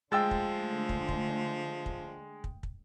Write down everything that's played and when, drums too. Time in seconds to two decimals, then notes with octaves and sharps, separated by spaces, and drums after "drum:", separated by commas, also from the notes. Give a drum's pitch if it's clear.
0.12 D3 F3 G#3 A3 G5 E6 A6
0.31 drum: kick
0.89 drum: kick
1.08 drum: kick
1.86 drum: kick
2.44 drum: kick
2.63 drum: kick